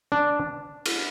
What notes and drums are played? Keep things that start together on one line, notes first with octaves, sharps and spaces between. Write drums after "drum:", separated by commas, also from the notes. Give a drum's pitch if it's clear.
D4
drum: cymbal